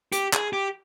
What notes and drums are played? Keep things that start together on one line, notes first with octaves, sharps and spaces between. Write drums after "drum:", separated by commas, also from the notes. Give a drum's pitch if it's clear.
G4, drum: hi-hat
G#4, drum: clap
G4